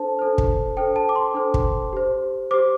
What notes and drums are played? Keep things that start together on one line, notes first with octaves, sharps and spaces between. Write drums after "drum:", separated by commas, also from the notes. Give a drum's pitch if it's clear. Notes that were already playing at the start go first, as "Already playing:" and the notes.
Already playing: D4 A4 C5 A5
D4 A4 C5
drum: kick
D4 A4 C5 G5
A5
D6
C6
D4 A4 C5
drum: kick
G4 C5
G4 C5 D6